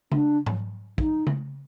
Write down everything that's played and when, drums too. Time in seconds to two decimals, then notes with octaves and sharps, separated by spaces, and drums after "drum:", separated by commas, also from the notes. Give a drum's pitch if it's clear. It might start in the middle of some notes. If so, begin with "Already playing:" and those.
0.12 D4, drum: tom C#3
0.46 drum: tom G#2
0.98 D#4, drum: kick
1.27 drum: tom C#3